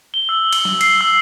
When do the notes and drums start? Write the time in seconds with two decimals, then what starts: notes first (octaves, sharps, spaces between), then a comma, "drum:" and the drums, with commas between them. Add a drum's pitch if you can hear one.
0.14 G7
0.29 E6
0.53 E6, drum: cymbal
0.65 drum: snare
0.81 C7, drum: cymbal
1.01 E6